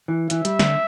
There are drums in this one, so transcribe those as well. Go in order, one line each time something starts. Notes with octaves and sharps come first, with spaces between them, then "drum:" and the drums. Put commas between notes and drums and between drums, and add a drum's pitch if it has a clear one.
E3
E3 E5, drum: hi-hat
G3, drum: hi-hat
D3, drum: snare